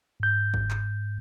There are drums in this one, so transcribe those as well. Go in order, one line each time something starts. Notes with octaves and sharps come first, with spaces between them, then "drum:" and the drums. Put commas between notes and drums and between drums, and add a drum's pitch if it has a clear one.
G#2 G6
drum: kick
drum: clap